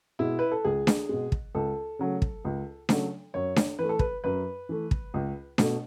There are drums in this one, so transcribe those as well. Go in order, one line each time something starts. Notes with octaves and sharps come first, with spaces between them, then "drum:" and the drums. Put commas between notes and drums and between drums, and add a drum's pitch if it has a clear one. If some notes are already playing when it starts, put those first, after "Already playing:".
B2 G#3 E4
B4
A4
C#2 G#4
drum: snare D4
B2 G#3
drum: kick
C#2 A4
C#3 F#3 A3
drum: kick
C#2
C#3 F#3 A3, drum: snare D4
F#2 C#5
drum: snare D4
E3 A3 B4
A4
B4, drum: kick
F#2 B4
E3 A3
drum: kick
C#2
B2 A3, drum: snare D4